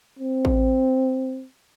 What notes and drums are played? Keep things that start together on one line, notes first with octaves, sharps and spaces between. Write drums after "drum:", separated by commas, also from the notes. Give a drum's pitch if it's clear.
C4
drum: kick A1